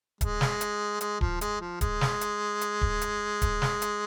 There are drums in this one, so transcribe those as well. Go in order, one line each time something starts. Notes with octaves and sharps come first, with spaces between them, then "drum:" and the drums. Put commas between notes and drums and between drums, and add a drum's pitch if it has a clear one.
G#3, drum: kick D1, hi-hat
drum: snare
drum: hi-hat
G#3, drum: hi-hat
F3, drum: kick D1
G#3, drum: hi-hat
F3
G#3, drum: kick D1, hi-hat
drum: snare
drum: hi-hat
drum: hi-hat
drum: kick D1
drum: hi-hat
drum: kick D1, hi-hat
drum: snare
drum: hi-hat